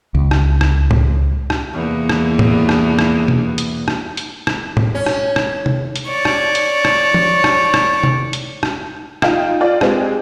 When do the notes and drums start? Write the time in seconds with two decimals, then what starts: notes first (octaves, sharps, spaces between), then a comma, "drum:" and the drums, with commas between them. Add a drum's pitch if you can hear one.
0.15 C#2
0.31 drum: rim click
0.61 drum: rim click
0.91 drum: tom
1.50 drum: rim click
1.73 E2 C3 A#3
2.09 drum: rim click
2.39 drum: tom
2.69 drum: rim click
2.99 drum: rim click
3.28 drum: tom B2
3.58 drum: hi-hat
3.88 drum: rim click
4.17 drum: hi-hat
4.47 drum: rim click
4.77 drum: tom
4.95 C#4
5.06 drum: rim click
5.36 drum: rim click
5.66 drum: tom C3
5.96 drum: hi-hat
6.08 C#5 D5
6.25 drum: rim click
6.55 drum: hi-hat
6.85 drum: rim click
7.14 drum: tom F3
7.44 drum: rim click
7.74 drum: rim click
8.03 drum: tom C3
8.33 drum: hi-hat
8.63 drum: rim click
9.22 D#4 F4 F5 G5, drum: rim click
9.61 F4 D5
9.81 G#3 C4 G4 G#4, drum: rim click